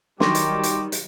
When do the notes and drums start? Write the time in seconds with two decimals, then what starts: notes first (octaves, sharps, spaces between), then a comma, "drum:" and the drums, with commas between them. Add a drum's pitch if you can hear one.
0.20 D#3 F#3 G3 G4 C6 C#6 A#6, drum: snare
0.35 drum: hi-hat
0.63 drum: hi-hat
0.92 drum: hi-hat